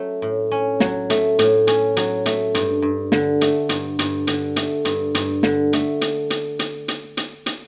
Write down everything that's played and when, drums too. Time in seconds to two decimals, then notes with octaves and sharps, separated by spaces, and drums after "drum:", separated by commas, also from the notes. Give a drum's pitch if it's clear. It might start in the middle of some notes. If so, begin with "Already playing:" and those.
Already playing: F#3 A3 C#4
0.22 A2
0.51 C#4
0.80 F#3, drum: snare
1.10 A3, drum: hi-hat
1.39 A2, drum: hi-hat
1.67 C#4, drum: hi-hat
1.97 F#3, drum: hi-hat
2.26 A3, drum: hi-hat
2.55 G2, drum: hi-hat
2.82 G2
3.12 D3, drum: snare
3.41 A3, drum: hi-hat
3.69 G2, drum: hi-hat
3.99 G2, drum: hi-hat
4.27 D3, drum: hi-hat
4.56 A3, drum: hi-hat
4.85 G2, drum: hi-hat
5.15 G2, drum: hi-hat
5.43 D3, drum: snare
5.73 A3, drum: hi-hat
6.01 drum: hi-hat
6.30 drum: hi-hat
6.59 drum: hi-hat
6.88 drum: hi-hat
7.17 drum: hi-hat
7.46 drum: hi-hat